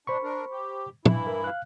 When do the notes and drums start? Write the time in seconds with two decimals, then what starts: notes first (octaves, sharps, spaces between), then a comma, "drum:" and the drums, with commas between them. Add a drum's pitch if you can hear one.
0.07 D4 C5 B5 C#6
0.23 D4 A#4
0.51 G4
1.05 G2 E3 E4, drum: tom
1.27 A#4
1.44 F5 F#6